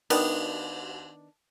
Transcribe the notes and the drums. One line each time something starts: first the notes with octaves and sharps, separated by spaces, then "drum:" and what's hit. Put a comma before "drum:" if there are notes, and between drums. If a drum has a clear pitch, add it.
D#3 B3 D4, drum: cymbal